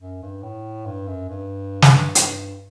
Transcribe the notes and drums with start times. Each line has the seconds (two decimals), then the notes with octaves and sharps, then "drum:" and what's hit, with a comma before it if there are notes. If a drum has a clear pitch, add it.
0.01 F#2
0.22 G2
0.43 A2
0.86 G2
1.08 F#2
1.29 G2
1.82 drum: snare
2.15 G2, drum: hi-hat